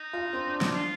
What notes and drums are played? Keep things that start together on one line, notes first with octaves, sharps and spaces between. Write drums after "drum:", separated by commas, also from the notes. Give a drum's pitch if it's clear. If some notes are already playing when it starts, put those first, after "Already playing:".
Already playing: D#4
F4
C4
D4
D4, drum: snare
F4